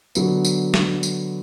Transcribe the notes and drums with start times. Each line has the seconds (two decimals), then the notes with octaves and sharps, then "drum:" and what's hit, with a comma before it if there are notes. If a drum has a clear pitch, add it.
0.15 D3 F#3 B3, drum: tambourine
0.44 drum: tambourine
0.74 drum: snare
1.03 drum: tambourine